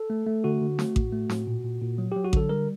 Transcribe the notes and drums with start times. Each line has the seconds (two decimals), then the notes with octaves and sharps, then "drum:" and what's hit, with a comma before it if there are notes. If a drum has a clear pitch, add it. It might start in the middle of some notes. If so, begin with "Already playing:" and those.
Already playing: A4
0.10 A3
0.27 A3
0.44 D3 F#4
0.61 D3
0.79 A3, drum: snare
0.96 A2, drum: kick A1
1.12 A3
1.30 A2, drum: snare
1.47 A#2
1.64 A#2
1.82 A#2
1.98 F#3
2.12 F#3 G4
2.24 F#4
2.33 D3 A4, drum: kick A1
2.49 G3 A#4